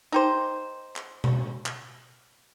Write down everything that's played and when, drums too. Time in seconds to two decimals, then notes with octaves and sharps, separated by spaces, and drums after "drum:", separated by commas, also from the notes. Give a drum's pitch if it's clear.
0.12 D#4 G4 C5
0.96 drum: clap
1.24 drum: tom B2
1.66 drum: clap